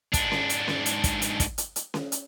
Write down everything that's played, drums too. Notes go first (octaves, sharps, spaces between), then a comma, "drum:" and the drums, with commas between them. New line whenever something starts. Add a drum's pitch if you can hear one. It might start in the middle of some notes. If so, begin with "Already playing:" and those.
G#2 D4, drum: kick, hi-hat
drum: snare C#4
drum: hi-hat
drum: snare C#4
drum: hi-hat
drum: kick, hi-hat
drum: hi-hat
drum: kick, hi-hat
drum: hi-hat
drum: hi-hat
drum: snare C#4
drum: hi-hat